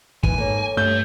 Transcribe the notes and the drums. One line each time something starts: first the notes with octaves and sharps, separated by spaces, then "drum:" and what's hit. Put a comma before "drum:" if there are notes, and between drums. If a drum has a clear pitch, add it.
D#2 E3 G#5, drum: kick
G#2 A#3 A4 C#5
G2 A3 G6